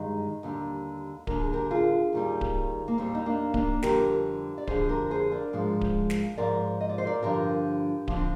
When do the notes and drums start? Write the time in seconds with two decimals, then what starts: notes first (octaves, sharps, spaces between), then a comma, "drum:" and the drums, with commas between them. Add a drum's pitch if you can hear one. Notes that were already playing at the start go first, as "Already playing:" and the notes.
Already playing: G2 D#3 G#3
0.43 D#2 D3 G3
1.27 D#2 D3 G3 A#4, drum: kick D1
1.40 G#4
1.53 G4 A#4
1.71 F4 G#4
2.13 D#2 D#3 G3
2.41 drum: kick D1
2.88 A#3
2.98 D#2 D#3 G3 C4
3.15 D#4
3.26 A#3 D4
3.54 A#3 D4, drum: kick D1
3.83 F2 D3 G3 G4 A#4, drum: snare
4.58 D5
4.67 F2 D3 G3 G#4 C5, drum: kick D1
4.89 G4 A#4
5.11 G#4 C5
5.32 A#4 D5
5.53 G#2 F3 G#3
5.81 drum: kick D1
6.10 drum: snare
6.37 G#2 F3 G#3 A#4 D5
6.81 D#5
6.89 D5
6.98 C5
7.06 A#4 D5
7.23 G2 D3 F3 G4 A#4
8.08 D3 F3 D4, drum: kick D1
8.17 C4